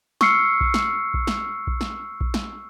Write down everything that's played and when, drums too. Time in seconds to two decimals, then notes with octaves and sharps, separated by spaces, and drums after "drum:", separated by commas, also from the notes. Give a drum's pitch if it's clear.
0.21 C#6 E6 F6 C7 C#7, drum: snare
0.61 drum: kick A#1
0.74 drum: snare
1.14 drum: kick A#1
1.27 drum: snare
1.67 drum: kick A#1
1.81 drum: snare
2.21 drum: kick A#1
2.34 drum: snare